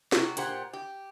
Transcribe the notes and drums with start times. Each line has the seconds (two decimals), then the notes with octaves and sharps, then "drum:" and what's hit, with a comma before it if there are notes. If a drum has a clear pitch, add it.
0.12 C3 F#4, drum: snare
0.37 A#2 G4 C5 F#5, drum: hi-hat
0.73 G4